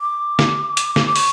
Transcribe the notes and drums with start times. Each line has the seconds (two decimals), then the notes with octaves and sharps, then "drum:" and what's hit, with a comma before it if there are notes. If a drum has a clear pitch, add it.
0.01 D6
0.39 drum: snare
0.77 drum: hi-hat
0.96 drum: snare
1.07 D6
1.16 C#6, drum: open hi-hat